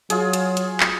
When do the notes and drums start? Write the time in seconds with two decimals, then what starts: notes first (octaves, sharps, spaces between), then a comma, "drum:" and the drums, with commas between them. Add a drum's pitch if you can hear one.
0.10 F#3 F4 G#4, drum: hi-hat
0.33 drum: hi-hat
0.57 drum: hi-hat
0.80 drum: clap